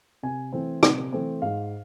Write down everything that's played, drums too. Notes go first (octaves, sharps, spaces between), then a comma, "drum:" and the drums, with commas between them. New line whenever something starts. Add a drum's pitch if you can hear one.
C3 G#5
E3 A3 C4
C3, drum: rim click
E3 A3 C4
G#2 F5